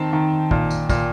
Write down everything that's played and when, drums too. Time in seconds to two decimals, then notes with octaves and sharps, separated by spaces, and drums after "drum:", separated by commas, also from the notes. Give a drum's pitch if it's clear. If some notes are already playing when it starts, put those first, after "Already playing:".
Already playing: D#3 C4 A5
0.13 D#3
0.51 A#2, drum: kick
0.70 drum: tambourine
0.89 A#2, drum: kick, tambourine